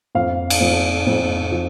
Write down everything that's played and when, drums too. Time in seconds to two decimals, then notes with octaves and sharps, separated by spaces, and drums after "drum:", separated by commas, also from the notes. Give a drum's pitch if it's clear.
0.15 F2 F5
0.50 drum: cymbal
0.60 F2
1.07 F2
1.51 F3